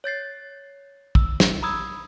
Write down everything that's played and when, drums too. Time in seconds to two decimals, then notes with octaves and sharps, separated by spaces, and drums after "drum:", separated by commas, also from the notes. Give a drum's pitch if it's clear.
0.04 C#5 G6 A6 C7
1.15 E6, drum: kick
1.40 drum: snare
1.63 A#5 B5 D#6 E6 G#6